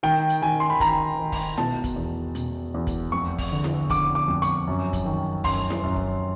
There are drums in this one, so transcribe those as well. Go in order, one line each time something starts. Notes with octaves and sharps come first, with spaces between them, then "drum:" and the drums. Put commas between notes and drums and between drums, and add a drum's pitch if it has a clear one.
D#3 G5
drum: hi-hat
D#3 G#5
C6
B5
D#3 A#5, drum: kick, hi-hat
D#3
drum: kick, open hi-hat
B2 A5, drum: snare E4
drum: kick, hi-hat
E2
B2, drum: hi-hat
E2
drum: kick, hi-hat
F2 C#6
drum: kick, open hi-hat
D3
drum: snare E4
D3 D6, drum: kick, hi-hat
D6
F2
C#6, drum: hi-hat
F#2
drum: kick, hi-hat
D#3
F#2 C6, drum: kick, open hi-hat
drum: snare E4
F#2
drum: kick